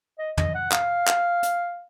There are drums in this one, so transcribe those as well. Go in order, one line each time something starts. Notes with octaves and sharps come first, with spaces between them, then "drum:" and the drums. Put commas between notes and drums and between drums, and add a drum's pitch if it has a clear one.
D#5
D#5, drum: tom
F#5
F5, drum: clap
drum: clap
drum: hi-hat